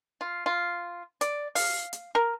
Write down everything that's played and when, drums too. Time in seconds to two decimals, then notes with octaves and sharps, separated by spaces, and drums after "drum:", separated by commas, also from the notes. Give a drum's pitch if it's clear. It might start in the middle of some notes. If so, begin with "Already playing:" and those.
0.21 F4
0.46 F4
1.21 D5, drum: hi-hat
1.55 F5, drum: open hi-hat
1.93 drum: hi-hat
2.15 A#4